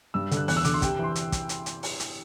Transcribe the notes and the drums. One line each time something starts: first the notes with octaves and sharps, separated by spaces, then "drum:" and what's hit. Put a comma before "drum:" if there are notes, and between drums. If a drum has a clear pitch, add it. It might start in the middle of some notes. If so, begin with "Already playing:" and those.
G2 E6
D3, drum: hi-hat
F#6
E2 F#6, drum: open hi-hat
E6
D3 D6, drum: hi-hat
C6
C3 G5, drum: kick, hi-hat
E3
C6
drum: hi-hat
drum: kick, hi-hat
drum: hi-hat
drum: hi-hat
drum: open hi-hat
drum: hi-hat